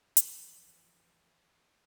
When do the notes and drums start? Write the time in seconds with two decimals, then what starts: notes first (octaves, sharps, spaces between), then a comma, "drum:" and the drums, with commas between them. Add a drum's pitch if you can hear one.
0.17 F2 E3, drum: hi-hat